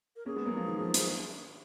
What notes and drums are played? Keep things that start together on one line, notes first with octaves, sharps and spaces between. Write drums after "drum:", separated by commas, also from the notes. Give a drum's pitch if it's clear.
A#4
A#3 C#4 G#4
G#3 B3
F#3 A#3
F3 G#3
D#3
F3
F3 G#3 G#4, drum: hi-hat